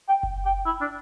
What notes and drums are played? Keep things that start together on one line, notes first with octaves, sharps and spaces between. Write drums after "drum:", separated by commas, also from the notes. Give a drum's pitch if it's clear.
G5
drum: kick F#1
G5
E4
D4